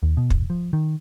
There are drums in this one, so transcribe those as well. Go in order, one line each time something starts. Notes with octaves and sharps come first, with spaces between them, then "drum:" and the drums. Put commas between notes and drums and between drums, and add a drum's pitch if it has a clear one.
D#2
B2
E1, drum: kick
F3
D#3